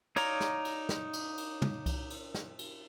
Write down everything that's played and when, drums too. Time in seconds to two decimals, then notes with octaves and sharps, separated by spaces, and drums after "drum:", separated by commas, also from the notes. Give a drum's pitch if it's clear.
0.16 D#4 C#5 D5 F5 A#5, drum: cymbal
0.40 drum: snare
0.65 drum: cymbal
0.89 drum: snare
1.13 drum: cymbal
1.37 drum: cymbal
1.62 drum: tom
1.86 drum: kick C2, cymbal
2.10 drum: cymbal
2.34 drum: snare
2.59 drum: cymbal